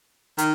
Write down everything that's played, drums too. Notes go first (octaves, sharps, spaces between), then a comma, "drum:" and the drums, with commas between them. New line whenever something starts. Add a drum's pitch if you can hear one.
D#3, drum: hi-hat